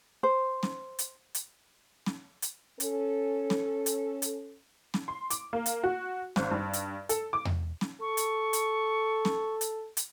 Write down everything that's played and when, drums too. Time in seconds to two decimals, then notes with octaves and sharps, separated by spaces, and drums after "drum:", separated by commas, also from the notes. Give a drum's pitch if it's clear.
0.23 C5
0.63 drum: snare
0.99 drum: hi-hat
1.35 drum: hi-hat
2.06 drum: snare
2.42 drum: hi-hat
2.80 C#4 A4, drum: hi-hat
3.50 drum: snare
3.86 drum: hi-hat
4.22 drum: hi-hat
4.94 drum: snare
5.08 C6
5.30 D6, drum: hi-hat
5.53 A#3
5.66 drum: hi-hat
5.84 F#4
6.36 G#1, drum: snare
6.51 G2
6.73 drum: hi-hat
7.09 A4, drum: hi-hat
7.33 D6
7.45 drum: tom E2
7.81 drum: snare
8.01 A4 C#6
8.17 drum: hi-hat
8.53 drum: hi-hat
9.25 drum: snare
9.61 drum: hi-hat
9.97 drum: hi-hat